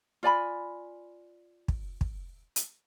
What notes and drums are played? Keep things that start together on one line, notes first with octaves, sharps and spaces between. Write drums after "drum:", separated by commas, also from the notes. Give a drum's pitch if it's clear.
F4 D5 G#5 B5
drum: kick
drum: kick
drum: hi-hat